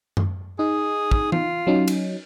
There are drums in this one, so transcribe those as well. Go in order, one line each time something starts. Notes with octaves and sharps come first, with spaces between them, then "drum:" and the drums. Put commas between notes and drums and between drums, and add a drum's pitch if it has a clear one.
drum: tom F#2
D#4 G#4
drum: kick
F4, drum: tom
F#3 C#4 D#4
drum: cymbal